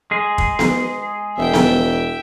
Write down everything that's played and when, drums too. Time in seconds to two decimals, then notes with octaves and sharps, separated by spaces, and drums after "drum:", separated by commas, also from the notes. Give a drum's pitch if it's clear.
0.11 G#3 G#4
0.38 drum: kick
0.59 drum: snare B3
1.38 E1 E5 G5
1.54 drum: snare B3